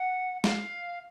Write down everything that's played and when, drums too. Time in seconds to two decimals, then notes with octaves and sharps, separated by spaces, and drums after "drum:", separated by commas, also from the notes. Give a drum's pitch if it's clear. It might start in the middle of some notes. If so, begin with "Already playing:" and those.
Already playing: F#5
0.44 F5, drum: snare